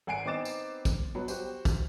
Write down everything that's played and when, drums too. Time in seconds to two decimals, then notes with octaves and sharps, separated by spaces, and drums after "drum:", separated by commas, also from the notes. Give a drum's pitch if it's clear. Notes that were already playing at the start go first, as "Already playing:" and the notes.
0.07 G#1 F#5 G#5 C7 D7
0.25 B3 C4 D#4 D6 A6 E7
0.45 drum: tambourine
0.85 drum: kick, tambourine
1.15 B2 F#3 B4
1.28 F#4 G4 C5, drum: tambourine
1.65 drum: kick, tambourine